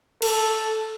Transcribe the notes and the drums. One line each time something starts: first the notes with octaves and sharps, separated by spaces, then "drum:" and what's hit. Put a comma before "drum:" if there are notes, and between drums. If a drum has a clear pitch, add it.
A4, drum: cymbal